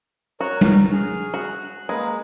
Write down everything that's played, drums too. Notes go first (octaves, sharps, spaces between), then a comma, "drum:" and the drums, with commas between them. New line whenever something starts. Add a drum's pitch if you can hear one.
F#4 A#4 C#5
drum: tom G3
G#4 F6
F#4
F#6
G#3 A#3 B4